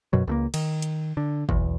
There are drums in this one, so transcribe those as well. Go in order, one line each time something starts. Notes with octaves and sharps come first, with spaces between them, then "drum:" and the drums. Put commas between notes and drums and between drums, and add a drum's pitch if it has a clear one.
F#2 B2 F#3
C#2 A3 A#3
D#3, drum: cymbal
drum: hi-hat
D3
B1 E2, drum: kick